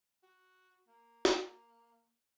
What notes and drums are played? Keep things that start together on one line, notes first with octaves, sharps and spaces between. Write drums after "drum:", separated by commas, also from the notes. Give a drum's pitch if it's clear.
F#4
A#3
drum: snare